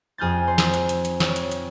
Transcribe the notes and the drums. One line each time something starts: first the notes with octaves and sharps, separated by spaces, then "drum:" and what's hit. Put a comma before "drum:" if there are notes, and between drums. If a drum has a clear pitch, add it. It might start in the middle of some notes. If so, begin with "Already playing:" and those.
F2 G#4 F6 G6 A6
C5
drum: snare
drum: hi-hat
drum: hi-hat
drum: hi-hat
C#5, drum: snare
drum: hi-hat
drum: hi-hat